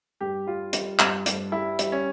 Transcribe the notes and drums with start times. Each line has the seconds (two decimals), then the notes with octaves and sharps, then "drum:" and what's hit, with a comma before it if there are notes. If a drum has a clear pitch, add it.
0.21 G2 G4
0.46 G3 F4
0.73 G3, drum: hi-hat
0.99 G2, drum: clap
1.26 G2, drum: hi-hat
1.52 G3 E4
1.79 G3, drum: hi-hat
1.92 C#4